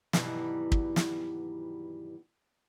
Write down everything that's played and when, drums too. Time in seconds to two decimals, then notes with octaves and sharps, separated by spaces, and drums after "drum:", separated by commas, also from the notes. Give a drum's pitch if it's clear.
0.13 G2 B2 D#3 E3 F#3 G3, drum: snare
0.72 drum: kick
0.96 drum: snare